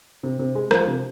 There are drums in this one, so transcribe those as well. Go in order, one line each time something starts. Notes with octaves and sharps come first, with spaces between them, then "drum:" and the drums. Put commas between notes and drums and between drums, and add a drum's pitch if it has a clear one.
C3
C3
G#3
F3, drum: rim click
C3